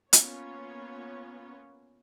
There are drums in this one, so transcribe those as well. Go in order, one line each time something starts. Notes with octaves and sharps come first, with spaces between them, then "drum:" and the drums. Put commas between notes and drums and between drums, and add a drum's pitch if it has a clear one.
A#3 B3 C#4 F4 C#5, drum: hi-hat